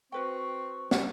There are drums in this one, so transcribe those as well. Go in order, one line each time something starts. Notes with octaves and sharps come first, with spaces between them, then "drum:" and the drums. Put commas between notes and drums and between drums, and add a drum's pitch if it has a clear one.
C4 F#4 B4 G5 C#6
G3 F#5, drum: snare